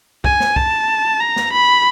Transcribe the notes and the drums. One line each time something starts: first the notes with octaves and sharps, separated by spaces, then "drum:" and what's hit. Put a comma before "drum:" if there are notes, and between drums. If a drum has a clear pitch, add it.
G#5, drum: kick
drum: snare
A5, drum: kick
A#5
drum: snare
B5